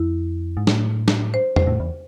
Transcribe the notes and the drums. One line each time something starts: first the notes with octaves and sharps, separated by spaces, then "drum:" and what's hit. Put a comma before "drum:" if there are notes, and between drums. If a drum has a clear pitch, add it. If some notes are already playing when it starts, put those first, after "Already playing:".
Already playing: F2 E4
G#2
A2, drum: snare
drum: snare
C5
C5, drum: tom E2
A2
E2